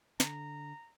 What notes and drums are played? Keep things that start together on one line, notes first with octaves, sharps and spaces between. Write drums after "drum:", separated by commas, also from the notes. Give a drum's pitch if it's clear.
D3 A#5, drum: snare